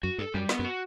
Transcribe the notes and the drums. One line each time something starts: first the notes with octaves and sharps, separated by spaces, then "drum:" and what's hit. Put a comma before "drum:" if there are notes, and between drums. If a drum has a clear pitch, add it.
F#2 F#4
G2 A4
F#2 G3
B3, drum: snare
F#2
F#4